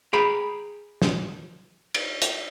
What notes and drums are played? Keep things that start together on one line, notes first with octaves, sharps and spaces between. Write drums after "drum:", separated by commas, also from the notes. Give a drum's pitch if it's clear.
G#4 G5 A#5 B5
drum: snare
drum: cymbal
drum: hi-hat